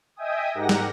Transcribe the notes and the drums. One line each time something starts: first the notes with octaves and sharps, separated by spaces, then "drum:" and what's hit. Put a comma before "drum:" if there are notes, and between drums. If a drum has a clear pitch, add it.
D#5 E5 G5 G#5 D#6
G#2 G4 A#4 F#5 A#6
drum: snare